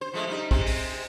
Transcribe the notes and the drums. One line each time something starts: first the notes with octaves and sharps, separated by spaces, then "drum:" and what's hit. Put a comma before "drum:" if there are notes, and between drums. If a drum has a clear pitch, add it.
C5
F3 G#3 A3
G3 D#4
C3 G#3 C4, drum: kick
drum: open hi-hat